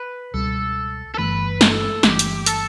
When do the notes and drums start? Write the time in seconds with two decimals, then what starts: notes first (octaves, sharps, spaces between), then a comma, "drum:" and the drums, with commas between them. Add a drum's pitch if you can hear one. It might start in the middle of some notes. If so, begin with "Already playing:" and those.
Already playing: B4
0.34 C#2 B2 G3 A4
1.15 A4
1.18 G1 G2 E3 A3 B4
1.61 A4, drum: snare
2.03 G1 G2 E3 A3 G4, drum: snare
2.19 drum: hi-hat
2.46 A4, drum: hi-hat